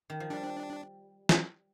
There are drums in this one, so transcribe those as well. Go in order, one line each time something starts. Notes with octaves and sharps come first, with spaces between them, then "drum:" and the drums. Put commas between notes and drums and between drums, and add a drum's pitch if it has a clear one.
D#3
F3
G3 D4
drum: snare